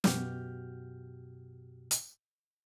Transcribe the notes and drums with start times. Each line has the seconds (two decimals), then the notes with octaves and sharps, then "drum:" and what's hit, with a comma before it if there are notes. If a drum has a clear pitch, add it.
0.04 F#2 B2 F#4 G4 F6 G6, drum: snare
1.91 drum: hi-hat